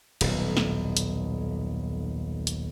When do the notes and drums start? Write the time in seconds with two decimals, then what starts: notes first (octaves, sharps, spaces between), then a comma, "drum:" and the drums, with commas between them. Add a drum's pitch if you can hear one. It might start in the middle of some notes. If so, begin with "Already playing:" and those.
0.21 D#1 B1, drum: cymbal
0.57 drum: snare
0.97 drum: hi-hat
2.47 drum: hi-hat